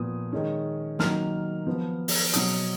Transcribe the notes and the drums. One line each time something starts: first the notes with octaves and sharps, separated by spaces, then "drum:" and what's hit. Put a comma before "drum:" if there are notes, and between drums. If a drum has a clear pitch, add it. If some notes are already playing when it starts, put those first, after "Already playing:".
Already playing: A#2 F3 B3 D#6
D#3 G#3 C#4
D#3 F#3 A#3 F6, drum: snare
F3 B3
drum: open hi-hat
B2 F#3 C#4 D#6, drum: hi-hat